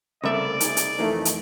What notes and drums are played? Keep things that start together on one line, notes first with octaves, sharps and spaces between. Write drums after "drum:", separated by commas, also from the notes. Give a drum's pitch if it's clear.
C2 C#3 A3 A#3 D5 E5
D#4 G#4, drum: hi-hat
drum: hi-hat
F2 E3 A3 A#3 D#4
drum: hi-hat